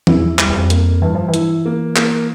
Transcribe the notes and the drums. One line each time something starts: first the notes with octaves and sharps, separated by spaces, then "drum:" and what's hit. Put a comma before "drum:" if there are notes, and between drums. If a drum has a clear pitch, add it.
E2 E4, drum: tom E3
G3, drum: clap
E2
F2
A#3, drum: hi-hat
G2 E3
F3
E3
E4, drum: hi-hat
A#3
A#3, drum: clap